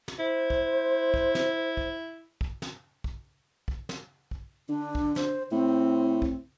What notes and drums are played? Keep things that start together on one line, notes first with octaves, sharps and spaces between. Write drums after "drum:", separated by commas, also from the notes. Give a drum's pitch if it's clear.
drum: snare
E4 C5
drum: kick
drum: kick
drum: snare
drum: kick
drum: kick
drum: snare
drum: kick
drum: kick
drum: snare
drum: kick
D3 D4
drum: kick
C5, drum: snare
A2 C4
drum: kick